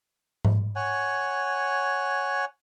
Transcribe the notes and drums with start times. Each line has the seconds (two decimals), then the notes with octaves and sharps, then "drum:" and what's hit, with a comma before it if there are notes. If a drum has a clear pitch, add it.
0.45 drum: tom G#2
0.76 C#5 F#5 G#5